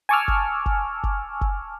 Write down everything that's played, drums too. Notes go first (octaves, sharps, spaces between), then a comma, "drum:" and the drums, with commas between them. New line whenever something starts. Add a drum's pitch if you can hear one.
G#5 A5 C#6 D6 E6 F6
drum: kick F#1
drum: kick F#1
drum: kick F#1
drum: kick F#1